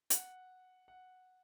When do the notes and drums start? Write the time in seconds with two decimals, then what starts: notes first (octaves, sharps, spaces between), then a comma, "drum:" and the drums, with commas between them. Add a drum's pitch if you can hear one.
0.10 F#5, drum: hi-hat
0.88 F#5